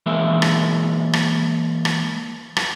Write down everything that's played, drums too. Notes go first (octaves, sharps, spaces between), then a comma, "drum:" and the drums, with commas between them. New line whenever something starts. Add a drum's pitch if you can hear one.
E3 G#3 A#3 E5
drum: rim click
drum: rim click
drum: rim click
drum: rim click